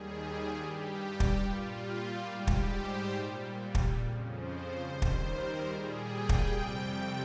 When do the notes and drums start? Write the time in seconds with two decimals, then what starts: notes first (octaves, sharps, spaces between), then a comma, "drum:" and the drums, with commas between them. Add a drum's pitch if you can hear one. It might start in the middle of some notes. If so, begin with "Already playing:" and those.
Already playing: D#2 D#3 G3 G#4
0.15 G#4
0.56 G2 G3 G4
1.20 drum: kick
1.41 A#2 G3 F4
2.26 G#2 G3 G4
2.47 drum: kick
2.69 C5
3.10 A#2 G3
3.75 drum: kick
3.96 F2 C#3 F3
4.38 C5
4.80 D#2 D#3 G3 C5
5.02 drum: kick
5.24 A#4
5.65 A#2 G3 G#4
6.07 G5
6.29 drum: kick
6.50 F2 C3 G3
6.93 G5